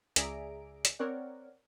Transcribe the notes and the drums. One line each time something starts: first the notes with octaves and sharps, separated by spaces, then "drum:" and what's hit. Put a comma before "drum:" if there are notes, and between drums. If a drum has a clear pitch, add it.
C#2 G#4 D5 E5 A#5 D7, drum: hi-hat
drum: hi-hat
C4 A#4 C#5 D5 F#5